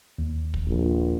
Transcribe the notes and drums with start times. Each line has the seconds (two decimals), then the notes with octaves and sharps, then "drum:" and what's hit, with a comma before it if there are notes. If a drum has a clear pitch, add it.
0.18 D#2
0.54 drum: kick
0.67 A#1